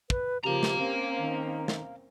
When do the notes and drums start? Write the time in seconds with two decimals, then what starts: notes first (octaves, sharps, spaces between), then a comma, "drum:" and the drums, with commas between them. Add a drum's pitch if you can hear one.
0.10 B4, drum: kick
0.44 C#3 F3 A#3 G4 F5 A#5
0.63 drum: snare
0.78 A#3 C4 C#4
1.19 D#3
1.68 drum: snare